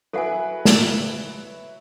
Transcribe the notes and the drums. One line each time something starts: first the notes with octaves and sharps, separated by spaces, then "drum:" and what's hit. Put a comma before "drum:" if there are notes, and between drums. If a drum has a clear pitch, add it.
F#3 E4 A4 B4 F#5 G#5
drum: snare